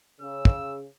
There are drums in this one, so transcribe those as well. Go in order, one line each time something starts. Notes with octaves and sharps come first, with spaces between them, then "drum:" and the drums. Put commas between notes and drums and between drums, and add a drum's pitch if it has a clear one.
C#3 E6
drum: kick